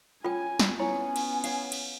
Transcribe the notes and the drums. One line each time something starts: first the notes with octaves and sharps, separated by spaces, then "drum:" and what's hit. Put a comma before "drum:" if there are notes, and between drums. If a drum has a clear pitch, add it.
C#4 F4 G5 G#5
drum: snare
B3 C#4 E4 C#5 G#5
drum: cymbal
C#5 F5, drum: cymbal
drum: cymbal